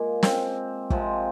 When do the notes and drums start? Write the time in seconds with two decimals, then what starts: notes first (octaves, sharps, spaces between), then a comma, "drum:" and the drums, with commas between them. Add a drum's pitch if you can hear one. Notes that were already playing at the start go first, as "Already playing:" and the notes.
Already playing: A#2 G#3 A#3
0.23 C4, drum: snare
0.90 C3 F3 G#3, drum: kick